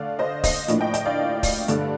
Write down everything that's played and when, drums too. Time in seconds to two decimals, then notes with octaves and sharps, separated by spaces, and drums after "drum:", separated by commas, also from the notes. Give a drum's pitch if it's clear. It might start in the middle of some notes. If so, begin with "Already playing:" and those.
Already playing: D3 A3 D5 F5
0.19 C5 D#5
0.44 C5 D#5, drum: kick, open hi-hat
0.68 A2 F3 A#3 D4, drum: hi-hat
0.81 D#5 G5
0.94 D#5 G5, drum: hi-hat
1.06 D5 F5
1.43 drum: kick, open hi-hat
1.68 G2 D3 A3 D4, drum: hi-hat